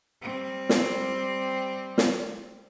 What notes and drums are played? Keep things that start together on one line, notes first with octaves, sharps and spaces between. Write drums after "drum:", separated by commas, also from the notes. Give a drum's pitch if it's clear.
G3 C4
drum: snare
drum: snare